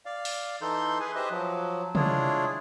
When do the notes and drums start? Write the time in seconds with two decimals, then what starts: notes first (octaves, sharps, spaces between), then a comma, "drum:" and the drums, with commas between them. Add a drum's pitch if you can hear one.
0.06 D5 F5
0.25 drum: open hi-hat
0.62 E3 D#4 A4 C6 G6
1.00 G#4 B4 G#5
1.15 G4 B4 C5 D#5 E5
1.31 F3 F#3
1.95 G#3 D4 E4 F4 G#4 C#5, drum: tom C3